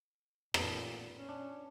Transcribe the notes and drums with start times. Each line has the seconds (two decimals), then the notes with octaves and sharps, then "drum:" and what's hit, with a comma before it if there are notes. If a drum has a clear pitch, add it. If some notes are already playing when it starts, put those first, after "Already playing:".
0.54 A1 A#2 B3 A4, drum: rim click
1.16 C#4
1.29 D4